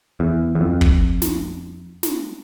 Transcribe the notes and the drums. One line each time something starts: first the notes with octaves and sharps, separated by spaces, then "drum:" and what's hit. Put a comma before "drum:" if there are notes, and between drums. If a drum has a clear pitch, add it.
E2
E2
F2
drum: kick
drum: snare
drum: snare